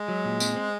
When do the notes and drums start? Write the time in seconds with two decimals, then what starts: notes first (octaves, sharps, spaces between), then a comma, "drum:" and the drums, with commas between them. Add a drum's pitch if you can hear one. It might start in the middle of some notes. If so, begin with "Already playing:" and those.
Already playing: G#3
0.08 F#3
0.25 A#2
0.40 C4, drum: tambourine
0.56 C4